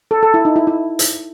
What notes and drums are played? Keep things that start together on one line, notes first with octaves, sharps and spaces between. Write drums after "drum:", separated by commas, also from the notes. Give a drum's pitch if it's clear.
A4
A4
E4
D#4
E4
E4
drum: hi-hat